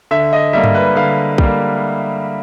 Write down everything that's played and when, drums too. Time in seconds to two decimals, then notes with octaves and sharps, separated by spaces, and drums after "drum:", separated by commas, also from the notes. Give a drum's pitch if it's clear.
0.11 D3 E5
0.33 D#5
0.53 G3 A#3 E5
0.64 drum: tom G2
0.75 B4
0.95 D3 F5
1.38 G3 A#3, drum: kick